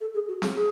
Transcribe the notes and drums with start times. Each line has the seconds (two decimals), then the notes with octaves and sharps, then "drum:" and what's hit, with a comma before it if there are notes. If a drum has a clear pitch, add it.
0.01 A4
0.14 G#4
0.28 F#4
0.42 G#4, drum: snare
0.56 G#4